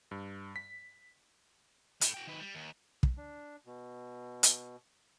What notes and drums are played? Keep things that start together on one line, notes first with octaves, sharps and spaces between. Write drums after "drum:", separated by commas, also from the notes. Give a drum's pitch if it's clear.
G2
B6
A2, drum: hi-hat
F#4 G5
D#3 B4
G3
D#2
drum: kick
D4
B2
drum: hi-hat